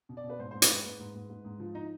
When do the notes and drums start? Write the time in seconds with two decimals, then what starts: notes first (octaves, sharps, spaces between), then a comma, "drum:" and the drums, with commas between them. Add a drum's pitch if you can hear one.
0.09 B2
0.17 D5
0.24 B2
0.30 B4
0.39 G#2 C5
0.51 G#2 C5
0.62 B4, drum: hi-hat
0.70 G#2
0.85 G#2
0.99 G#2
1.15 G#2
1.30 G#2
1.45 G#2
1.60 F3
1.75 D#4